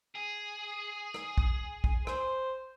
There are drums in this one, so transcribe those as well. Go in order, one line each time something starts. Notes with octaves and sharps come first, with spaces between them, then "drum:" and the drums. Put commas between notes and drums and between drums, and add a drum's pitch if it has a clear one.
G#4
drum: rim click
drum: kick
drum: kick
C5, drum: rim click